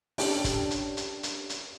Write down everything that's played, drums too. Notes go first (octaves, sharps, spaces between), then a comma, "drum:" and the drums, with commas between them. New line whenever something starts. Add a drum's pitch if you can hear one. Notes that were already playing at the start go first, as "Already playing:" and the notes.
C#4 D4 G4 A4 G5, drum: open hi-hat
drum: kick, hi-hat
drum: hi-hat
drum: hi-hat
drum: hi-hat
drum: hi-hat